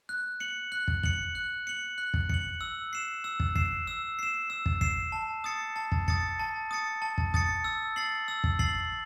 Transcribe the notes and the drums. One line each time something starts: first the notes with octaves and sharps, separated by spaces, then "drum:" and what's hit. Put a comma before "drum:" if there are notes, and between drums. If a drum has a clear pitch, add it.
F#6
C#7 F#7
F#6
drum: kick
C#7 F#7, drum: kick
F#6
C#7 F#7
F#6
drum: kick
C#7 F#7, drum: kick
E6
C7 E7
E6
drum: kick
C7 E7, drum: kick
E6
C7 E7
E6
drum: kick
C7 E7, drum: kick
A5
D#6 A6 C#7
A5
drum: kick
D#6 A6 C#7, drum: kick
A5
D#6 A6 C#7
A5
drum: kick
D#6 A6 C#7, drum: kick
E6
A6 C7 F#7
E6
drum: kick
A6 C7 F#7, drum: kick